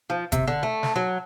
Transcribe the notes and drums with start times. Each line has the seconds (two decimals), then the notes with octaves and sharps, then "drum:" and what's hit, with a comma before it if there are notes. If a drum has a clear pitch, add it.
0.10 F3
0.32 C3, drum: kick G1, hi-hat
0.48 D3
0.63 A3
0.83 drum: snare
0.96 F#3